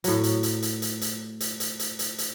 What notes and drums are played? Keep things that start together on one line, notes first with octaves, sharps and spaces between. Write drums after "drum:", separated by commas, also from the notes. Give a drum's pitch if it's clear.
A2 F#3, drum: hi-hat
drum: hi-hat
drum: hi-hat
drum: hi-hat
drum: hi-hat
drum: hi-hat
drum: hi-hat
drum: hi-hat
drum: hi-hat
drum: hi-hat
drum: hi-hat